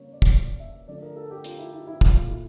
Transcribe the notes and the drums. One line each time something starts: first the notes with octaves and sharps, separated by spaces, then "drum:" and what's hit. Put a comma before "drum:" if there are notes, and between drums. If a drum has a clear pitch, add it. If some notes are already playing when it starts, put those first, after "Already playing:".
Already playing: C#3 G3 A#3 C#5
D5
drum: kick
D5
E5
D3 F3 A3 D5
A#4
A4
G4
F4, drum: hi-hat
E4
E4
E4
A#2 A3 F4, drum: kick
E4